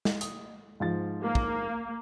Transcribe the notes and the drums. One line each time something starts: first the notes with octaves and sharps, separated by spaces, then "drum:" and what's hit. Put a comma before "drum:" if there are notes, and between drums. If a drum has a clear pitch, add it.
drum: snare
D#6, drum: hi-hat
G#2 F3 A6
A#3
drum: kick